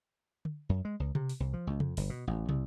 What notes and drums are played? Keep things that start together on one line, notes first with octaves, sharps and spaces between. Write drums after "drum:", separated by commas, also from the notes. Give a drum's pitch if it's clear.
drum: tom D3
F#2
G#3
C#2
C3, drum: tom C3
drum: open hi-hat
C2
F3
C#2
F2, drum: tom C3
G1, drum: open hi-hat
B2
A1
C2, drum: tom